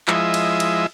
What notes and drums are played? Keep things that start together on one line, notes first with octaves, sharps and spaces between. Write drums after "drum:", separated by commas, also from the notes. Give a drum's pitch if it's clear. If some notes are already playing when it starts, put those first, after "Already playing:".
F3 G#3 E4 D#5 E5, drum: clap
drum: cymbal
drum: cymbal